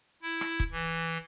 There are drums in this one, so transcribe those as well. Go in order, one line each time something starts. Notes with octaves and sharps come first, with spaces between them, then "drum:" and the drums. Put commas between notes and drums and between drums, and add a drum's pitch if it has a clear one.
E4
drum: rim click
drum: kick
E3